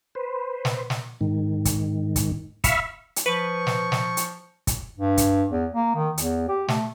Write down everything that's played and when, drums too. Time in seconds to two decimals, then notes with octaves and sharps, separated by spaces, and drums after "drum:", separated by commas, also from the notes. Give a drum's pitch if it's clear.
0.15 B4 C5
0.65 drum: snare
0.90 drum: snare
1.21 G#2 D#3
1.65 drum: kick, hi-hat
2.16 drum: kick, hi-hat
2.64 E5 F5 B5 C#6 E6 F6, drum: kick, hi-hat
3.16 drum: hi-hat
3.26 F3 B4 C#6
3.67 drum: snare
3.92 drum: snare
4.17 drum: hi-hat
4.67 drum: kick, hi-hat
4.98 G2
5.18 drum: kick, hi-hat
5.51 E2
5.72 A#3
5.95 D#3
6.18 E2, drum: hi-hat
6.48 G4
6.68 A3, drum: snare